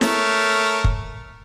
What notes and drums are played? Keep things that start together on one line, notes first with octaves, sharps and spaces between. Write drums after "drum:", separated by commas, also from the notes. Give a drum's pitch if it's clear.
A3 A#4 C#5, drum: snare
drum: kick